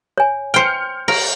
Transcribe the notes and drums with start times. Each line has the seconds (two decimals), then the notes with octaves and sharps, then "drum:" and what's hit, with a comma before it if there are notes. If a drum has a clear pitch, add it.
0.18 C#5 G#5
0.54 C5 G5 F6 G6 C#7
1.08 A#4, drum: cymbal